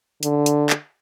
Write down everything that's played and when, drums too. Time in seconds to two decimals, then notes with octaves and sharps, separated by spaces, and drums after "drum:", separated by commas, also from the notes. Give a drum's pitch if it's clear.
0.23 D3, drum: hi-hat
0.46 drum: hi-hat
0.70 drum: clap